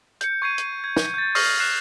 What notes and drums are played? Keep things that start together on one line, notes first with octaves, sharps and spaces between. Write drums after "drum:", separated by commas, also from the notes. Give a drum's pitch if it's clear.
G6 C#7, drum: hi-hat
C#6 G#6 C7 D#7
drum: hi-hat
G#6
drum: snare
G6 A6
C#6 D#6 F6 A#6 C7 D#7, drum: open hi-hat
F#6 C7 E7